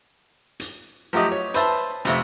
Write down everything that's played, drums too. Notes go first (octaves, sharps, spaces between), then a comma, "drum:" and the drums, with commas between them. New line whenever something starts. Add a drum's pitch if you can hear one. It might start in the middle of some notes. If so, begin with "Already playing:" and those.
drum: hi-hat
F3 F#3 A3 G4 D#5
C#5
B4 C5 E5 A5, drum: hi-hat
F2 C3 A3, drum: hi-hat